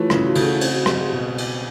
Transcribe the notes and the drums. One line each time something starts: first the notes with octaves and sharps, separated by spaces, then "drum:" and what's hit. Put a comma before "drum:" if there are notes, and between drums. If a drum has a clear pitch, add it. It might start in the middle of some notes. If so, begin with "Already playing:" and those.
Already playing: E3 A3 F4 G4 C#5
C#3, drum: rim click
F#4
C#3 A4, drum: cymbal
G#4
C4, drum: cymbal
F#4
G#3 G4, drum: rim click
G#4
B2 G4
drum: cymbal